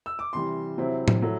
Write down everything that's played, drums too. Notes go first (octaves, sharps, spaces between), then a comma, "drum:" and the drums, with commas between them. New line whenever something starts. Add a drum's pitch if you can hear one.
E6
D6
C3 E3 G3 C6
C3 F#3 C4 E4
drum: tom A2
F#3 A3 E4